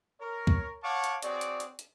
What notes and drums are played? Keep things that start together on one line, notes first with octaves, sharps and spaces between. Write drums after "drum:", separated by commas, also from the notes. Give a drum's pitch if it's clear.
A#4 C#5
drum: kick C#2
C#5 F5 F#5 A5 C#6 D6
drum: hi-hat
C4 F#4 G#4 C#5 D5, drum: hi-hat
drum: hi-hat
drum: hi-hat
drum: hi-hat